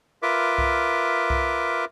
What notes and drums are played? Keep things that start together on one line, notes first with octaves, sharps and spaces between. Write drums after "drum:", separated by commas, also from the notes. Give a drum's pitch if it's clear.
F4 A#4 B4 E5 D6
drum: kick C2
drum: kick C2